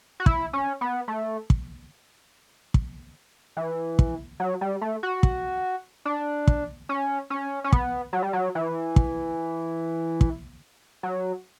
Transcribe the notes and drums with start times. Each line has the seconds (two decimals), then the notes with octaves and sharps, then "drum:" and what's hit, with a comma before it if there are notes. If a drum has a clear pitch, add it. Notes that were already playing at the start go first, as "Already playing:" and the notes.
0.20 F#4
0.26 E4, drum: kick
0.53 C#4
0.81 B3
1.08 A3
1.50 drum: kick
2.74 drum: kick
3.57 E3
3.99 drum: kick
4.40 F#3
4.61 G3
4.81 A3
5.03 F#4
5.23 drum: kick
6.05 D4
6.47 drum: kick
6.89 C#4
7.30 C#4
7.64 C#4
7.72 B3, drum: kick
8.13 F#3
8.23 G3
8.33 F#3
8.55 E3
8.96 drum: kick
10.21 drum: kick
11.03 F#3